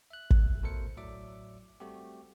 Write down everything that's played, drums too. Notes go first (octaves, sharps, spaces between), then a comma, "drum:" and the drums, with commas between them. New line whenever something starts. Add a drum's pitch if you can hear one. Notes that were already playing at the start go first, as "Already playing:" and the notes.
E5 F#6
drum: kick
B2 A3 A4 A#4 C5 C#7
A2 F#3 D5 E5 D6
G3 A3 C4 F#4 G4